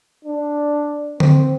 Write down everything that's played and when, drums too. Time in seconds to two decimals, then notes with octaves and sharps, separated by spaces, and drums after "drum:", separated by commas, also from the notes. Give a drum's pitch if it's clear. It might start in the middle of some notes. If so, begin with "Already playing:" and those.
0.25 D4
1.20 C4, drum: tom D3